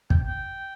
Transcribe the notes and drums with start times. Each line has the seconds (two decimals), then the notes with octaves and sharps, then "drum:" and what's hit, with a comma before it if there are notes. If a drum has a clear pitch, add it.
0.10 G5, drum: kick
0.28 G5